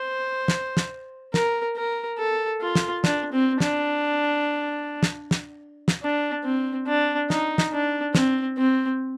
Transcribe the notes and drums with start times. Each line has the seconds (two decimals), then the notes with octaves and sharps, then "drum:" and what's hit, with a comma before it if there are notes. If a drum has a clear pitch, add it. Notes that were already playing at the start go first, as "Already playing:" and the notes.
Already playing: C5
0.48 drum: snare
0.77 drum: snare
1.34 A#4, drum: snare
1.77 A#4
2.18 A4
2.61 F4
2.75 drum: snare
3.04 D4, drum: snare
3.32 C4
3.60 D4, drum: snare
5.03 drum: snare
5.31 drum: snare
5.88 drum: snare
6.03 D4
6.45 C4
6.87 D4
7.30 D#4, drum: snare
7.58 drum: snare
7.73 D4
8.15 C4, drum: snare
8.58 C4